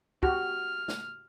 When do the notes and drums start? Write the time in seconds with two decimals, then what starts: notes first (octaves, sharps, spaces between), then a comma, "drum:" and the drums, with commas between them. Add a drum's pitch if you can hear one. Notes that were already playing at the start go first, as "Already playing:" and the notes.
0.23 F#4 G4 F6, drum: kick
0.88 drum: snare